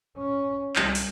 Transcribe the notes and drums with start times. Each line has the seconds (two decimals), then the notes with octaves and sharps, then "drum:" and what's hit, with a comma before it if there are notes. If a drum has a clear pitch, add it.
0.17 C#4
0.76 C2, drum: clap
0.95 drum: open hi-hat